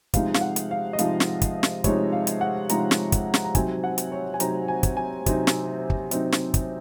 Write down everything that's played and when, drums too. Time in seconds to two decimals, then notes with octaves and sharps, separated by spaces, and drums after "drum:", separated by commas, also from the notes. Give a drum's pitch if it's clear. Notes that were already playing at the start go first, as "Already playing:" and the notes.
0.14 C3 F3 G#3 D#4 F5, drum: kick, hi-hat
0.34 F5, drum: snare
0.41 F#5
0.56 drum: hi-hat
0.71 F5
0.93 D#5
0.99 C3 F3 G#3 D#4 F5, drum: hi-hat
1.20 drum: snare
1.42 drum: kick, hi-hat
1.63 drum: snare
1.84 C3 F3 G#3 D#4 C#5, drum: kick, hi-hat
2.12 F5
2.27 drum: hi-hat
2.41 F#5
2.69 C3 F3 G#3 D#4 A#5, drum: hi-hat
2.91 drum: snare
3.12 drum: kick, hi-hat
3.34 drum: snare
3.44 A#5
3.55 C3 F#3 C4 D#4 G#5, drum: kick, hi-hat
3.84 F#5
3.98 drum: hi-hat
4.12 C#5
4.34 G#5
4.40 C3 F#3 C4 D#4 A#5, drum: hi-hat
4.68 G#5
4.83 drum: kick, hi-hat
4.97 G#5
5.26 C3 F#3 C4 D#4, drum: kick, hi-hat
5.47 drum: snare
5.90 drum: kick
6.11 C3 F#3 C4 D#4, drum: hi-hat
6.32 drum: snare
6.54 drum: kick, hi-hat